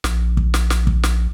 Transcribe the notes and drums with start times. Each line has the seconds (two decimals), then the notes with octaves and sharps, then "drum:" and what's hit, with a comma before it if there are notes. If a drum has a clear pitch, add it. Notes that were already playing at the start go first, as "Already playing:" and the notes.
0.04 A#1, drum: snare
0.37 drum: kick
0.54 drum: snare
0.70 drum: snare
0.87 drum: kick
1.03 drum: snare